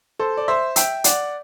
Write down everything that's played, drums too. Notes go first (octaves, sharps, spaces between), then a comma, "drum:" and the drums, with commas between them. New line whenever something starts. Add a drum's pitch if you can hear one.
A4 C5
D5
C5 E5
E5 G5, drum: hi-hat
D5 F#5, drum: hi-hat